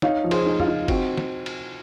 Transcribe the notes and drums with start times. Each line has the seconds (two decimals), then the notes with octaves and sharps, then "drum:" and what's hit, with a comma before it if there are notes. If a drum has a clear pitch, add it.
0.02 D#4 C#5 F5, drum: snare
0.24 F3
0.31 G#4 C5, drum: cymbal
0.46 D#4
0.60 F4, drum: tom
0.68 D#4
0.88 C4 F#4, drum: kick F#1, cymbal
1.18 drum: snare
1.46 drum: cymbal